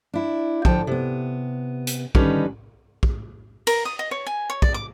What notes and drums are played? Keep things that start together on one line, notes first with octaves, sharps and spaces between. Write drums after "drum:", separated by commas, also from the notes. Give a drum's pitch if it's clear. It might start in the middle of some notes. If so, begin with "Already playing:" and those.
D4 E4
D3 F3 G5 A5, drum: kick
C3 B3
drum: hi-hat
D3 D#3 G3 C#4 D#4 B4, drum: kick
drum: kick
A#4, drum: cymbal
D#6
D#5
C#5
G#5
C#5
D5, drum: kick
D6